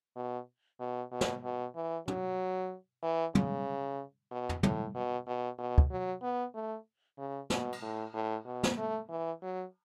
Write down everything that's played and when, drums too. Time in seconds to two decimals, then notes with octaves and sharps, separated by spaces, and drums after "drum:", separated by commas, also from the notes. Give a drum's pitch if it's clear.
0.16 B2
0.80 B2
1.12 B2
1.21 drum: snare
1.43 B2
1.75 E3
2.08 F#3, drum: tom
3.03 E3
3.35 C#3, drum: tom
4.31 B2
4.49 drum: tom
4.63 A2, drum: tom
4.95 B2
5.27 B2
5.58 B2
5.78 drum: kick
5.91 F#3
6.23 B3
6.54 A3
7.18 C#3
7.50 B2, drum: snare
7.73 drum: cymbal
7.82 A2
8.14 A2
8.46 B2
8.63 drum: snare
8.77 A3
9.10 E3
9.42 F#3